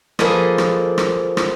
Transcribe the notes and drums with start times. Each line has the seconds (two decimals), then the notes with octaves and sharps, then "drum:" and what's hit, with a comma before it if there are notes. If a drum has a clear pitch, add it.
0.19 F3 A#3 G#4 A4 B4 D#5, drum: rim click
0.58 drum: rim click
0.98 drum: rim click
1.37 drum: rim click